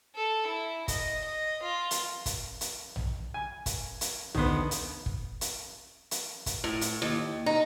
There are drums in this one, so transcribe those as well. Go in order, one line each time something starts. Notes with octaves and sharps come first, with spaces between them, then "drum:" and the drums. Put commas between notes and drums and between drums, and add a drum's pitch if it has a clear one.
A4
E4
D#5, drum: kick, hi-hat
D#5
F4
drum: hi-hat
drum: kick, hi-hat
drum: hi-hat
drum: tom A#1
G#5
drum: kick, hi-hat
drum: hi-hat
D2 D#3 B3 C5, drum: tom A#1
drum: hi-hat
drum: kick
drum: hi-hat
drum: hi-hat
drum: kick, hi-hat
A2
drum: hi-hat
D#2
D#4